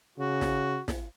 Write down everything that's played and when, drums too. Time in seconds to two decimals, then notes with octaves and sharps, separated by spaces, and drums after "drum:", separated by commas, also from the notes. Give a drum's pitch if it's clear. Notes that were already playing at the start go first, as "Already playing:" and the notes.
0.18 C#3 F#4
0.41 drum: snare
0.88 drum: snare